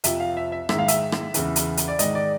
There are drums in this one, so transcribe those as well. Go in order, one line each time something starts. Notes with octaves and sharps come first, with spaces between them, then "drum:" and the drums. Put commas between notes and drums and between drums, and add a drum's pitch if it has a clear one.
F2 C3 F3 E5, drum: hi-hat
F5
E5
E5
G#2 D#3 E5, drum: rim click
F5
E5, drum: hi-hat
drum: rim click
E2 C#3 E3, drum: hi-hat
drum: hi-hat
drum: hi-hat
D5
G#2 D#3 D#5, drum: hi-hat
D5